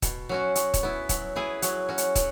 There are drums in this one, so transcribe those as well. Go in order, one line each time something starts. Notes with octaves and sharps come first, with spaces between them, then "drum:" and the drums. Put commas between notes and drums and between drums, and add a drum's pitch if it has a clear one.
B2, drum: kick, hi-hat
F#3 C#4 F#4
F#3, drum: hi-hat
drum: kick, hi-hat
B3 E4
F#3, drum: kick, hi-hat
B3 E4 G#4 B4
F#3, drum: hi-hat
C#4 F#4
drum: hi-hat
F#3, drum: kick, hi-hat